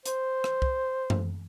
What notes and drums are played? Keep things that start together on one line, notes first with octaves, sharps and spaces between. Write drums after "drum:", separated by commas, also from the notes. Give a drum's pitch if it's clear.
C5, drum: hi-hat
drum: rim click
drum: kick
drum: tom F#2